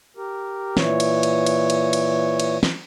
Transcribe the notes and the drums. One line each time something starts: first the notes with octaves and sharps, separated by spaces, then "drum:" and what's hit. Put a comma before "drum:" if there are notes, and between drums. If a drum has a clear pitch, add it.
G4 A#4
A#2 E3 C#5, drum: snare
drum: cymbal
drum: cymbal
drum: cymbal
drum: cymbal
drum: cymbal
drum: cymbal
drum: snare